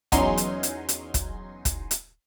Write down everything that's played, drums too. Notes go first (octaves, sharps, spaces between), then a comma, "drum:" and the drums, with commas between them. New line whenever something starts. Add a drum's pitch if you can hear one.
E2 F#3 C#4 D#4 G#5 C6, drum: kick, hi-hat
drum: hi-hat
drum: hi-hat
drum: hi-hat
drum: kick, hi-hat
drum: kick, hi-hat
drum: hi-hat